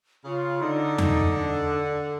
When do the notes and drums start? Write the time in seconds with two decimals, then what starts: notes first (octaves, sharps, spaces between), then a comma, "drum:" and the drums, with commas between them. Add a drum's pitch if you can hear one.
0.24 C#3 F4
0.61 D3 D#4
0.98 D#4, drum: tom E2
1.36 D4